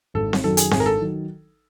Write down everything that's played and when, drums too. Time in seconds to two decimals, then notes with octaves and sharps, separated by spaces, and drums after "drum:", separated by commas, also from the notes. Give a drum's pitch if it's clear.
0.14 G#1 A4
0.33 drum: snare C4
0.43 F#2 D#3 F#3 A4
0.57 G#4, drum: hi-hat
0.71 G#1 G#4, drum: snare C4
0.80 A#4
0.86 A4
1.01 D#3 F#3